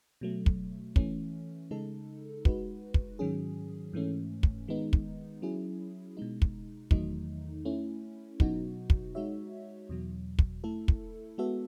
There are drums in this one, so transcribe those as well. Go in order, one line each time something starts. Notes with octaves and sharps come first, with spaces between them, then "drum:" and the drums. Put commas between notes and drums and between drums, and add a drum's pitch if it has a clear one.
B2 F#3 A3
drum: kick
E3 A3 C#4, drum: kick
C#3 G#3 D#4 A4
G#3 D#4 F#4 B4, drum: kick
drum: kick
G#2 D#3 F#3 C#4 G#4
G#2 E3 A3 C#4
drum: kick
D#3 G#3 B3 D#4
drum: kick
F#3 C#4 E4 G#4
B2 G#3 D#4
drum: kick
E2 D#3 F#3 A3 D#4, drum: kick
A3 C#4 E4
B2 F#3 B3 D#4 F#4, drum: kick
drum: kick
G#3 D#4 F#4 C#5 E5
E2 B2 F#3
drum: kick
A3 E4 A4
drum: kick
G#3 B3 F#4 A4 E5